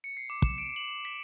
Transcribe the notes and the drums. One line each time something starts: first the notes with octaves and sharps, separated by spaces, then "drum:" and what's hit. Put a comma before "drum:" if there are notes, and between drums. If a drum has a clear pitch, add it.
C#7
C7
D6
E7, drum: kick
D7
F#7
B6